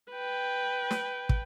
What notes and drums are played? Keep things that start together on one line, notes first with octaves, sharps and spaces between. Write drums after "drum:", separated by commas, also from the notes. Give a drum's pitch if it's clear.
B4 G5
drum: snare
drum: kick